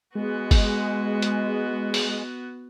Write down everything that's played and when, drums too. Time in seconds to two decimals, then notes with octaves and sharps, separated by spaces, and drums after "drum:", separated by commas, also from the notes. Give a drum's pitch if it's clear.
0.15 G#3 B3 F#4
0.51 drum: kick G1, open hi-hat
1.22 drum: hi-hat
1.94 drum: open hi-hat